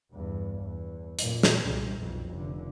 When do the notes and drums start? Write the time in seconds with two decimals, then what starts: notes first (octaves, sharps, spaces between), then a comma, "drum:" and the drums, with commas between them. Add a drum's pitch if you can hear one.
0.11 E2 G2
0.61 E2
1.19 F#2 A#2, drum: hi-hat
1.43 drum: snare
1.66 C2
1.99 B1 F2
2.31 F1 D3